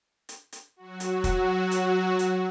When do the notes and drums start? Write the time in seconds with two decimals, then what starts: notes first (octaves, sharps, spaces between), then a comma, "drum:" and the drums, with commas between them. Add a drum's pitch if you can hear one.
0.29 drum: hi-hat
0.52 drum: hi-hat
0.76 F#3 F#4
1.00 drum: hi-hat
1.24 drum: kick, hi-hat
1.71 drum: hi-hat
2.19 drum: hi-hat